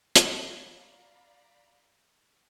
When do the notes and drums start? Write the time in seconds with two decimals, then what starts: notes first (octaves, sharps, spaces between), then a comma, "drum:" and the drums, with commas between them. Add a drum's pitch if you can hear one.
0.16 F#4 D5 F5 F#5 A#5 B5, drum: hi-hat